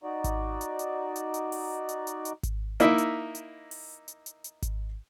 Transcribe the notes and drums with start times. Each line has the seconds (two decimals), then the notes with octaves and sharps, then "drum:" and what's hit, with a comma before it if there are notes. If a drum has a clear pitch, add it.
0.03 D#4 F#4 D5
0.24 drum: kick G#1, hi-hat
0.61 drum: hi-hat
0.79 drum: hi-hat
1.16 drum: hi-hat
1.34 drum: hi-hat
1.52 drum: open hi-hat
1.89 drum: hi-hat
2.07 drum: hi-hat
2.25 drum: hi-hat
2.43 drum: kick G#1, hi-hat
2.80 A#3 D#4 E4 E5, drum: hi-hat
2.98 drum: hi-hat
3.35 drum: hi-hat
3.71 drum: open hi-hat
4.08 drum: hi-hat
4.26 drum: hi-hat
4.44 drum: hi-hat
4.62 drum: kick G#1, hi-hat